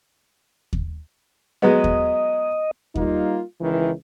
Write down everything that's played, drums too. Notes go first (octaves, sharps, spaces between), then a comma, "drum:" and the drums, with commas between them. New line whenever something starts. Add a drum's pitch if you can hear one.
drum: kick D#2
F#3 G#3 B3 D#5
drum: kick D#2
G3 A#3 D#4 F4, drum: kick D#2
C#2 D#3 E3